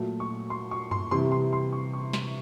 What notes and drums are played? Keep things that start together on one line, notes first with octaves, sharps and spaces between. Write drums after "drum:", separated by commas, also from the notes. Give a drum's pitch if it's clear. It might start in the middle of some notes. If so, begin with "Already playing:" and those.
Already playing: A#2 F#3 A3
C#6
C6
C#6
C6, drum: tom F#2
C3 E3 G3 C6
C6
C6
C#6
C#6
C6, drum: snare